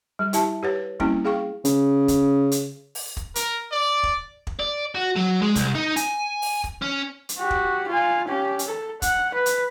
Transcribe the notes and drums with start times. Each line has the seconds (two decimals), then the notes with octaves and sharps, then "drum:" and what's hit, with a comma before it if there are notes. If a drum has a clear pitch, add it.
0.19 G3
0.33 E4 G4 E5 A5, drum: hi-hat
0.63 G4 B4 C#5
1.00 G3 A#3 C4 C#4 E4, drum: kick
1.25 G#4 F5 G5 C#6
1.65 C#3, drum: hi-hat
2.08 drum: kick, hi-hat
2.52 drum: hi-hat
2.95 drum: open hi-hat
3.17 drum: kick
3.35 A#4, drum: hi-hat
3.72 D5
4.03 drum: kick
4.47 drum: kick
4.59 D5
4.95 F#4
5.16 F#3
5.42 G#3
5.55 C2, drum: kick, hi-hat
5.75 D#4
5.96 G#5, drum: hi-hat
6.42 drum: open hi-hat
6.64 drum: kick
6.82 C#4
7.29 drum: hi-hat
7.39 F#4 G4
7.50 drum: kick
7.88 F4 G#5
8.28 C#4 G4
8.59 drum: hi-hat
8.68 A4
9.02 F#5, drum: kick, hi-hat
9.34 B4
9.46 drum: hi-hat